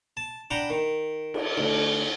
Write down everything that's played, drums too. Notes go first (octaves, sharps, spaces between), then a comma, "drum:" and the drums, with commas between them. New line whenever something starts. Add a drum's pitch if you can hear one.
A5
D4 F#5 G5 A#5 B5
D#3
drum: cymbal
D2